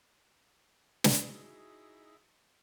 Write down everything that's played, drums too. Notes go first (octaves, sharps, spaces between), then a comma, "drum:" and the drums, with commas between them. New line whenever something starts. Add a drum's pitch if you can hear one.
D#4 E4 F#4 G#4, drum: snare